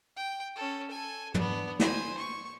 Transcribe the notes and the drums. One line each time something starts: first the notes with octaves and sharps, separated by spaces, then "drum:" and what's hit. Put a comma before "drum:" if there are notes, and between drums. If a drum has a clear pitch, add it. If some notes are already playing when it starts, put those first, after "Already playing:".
G5
C#4 A4
A4 G#5
B3 D4, drum: tom
C5 G#5, drum: snare
C#6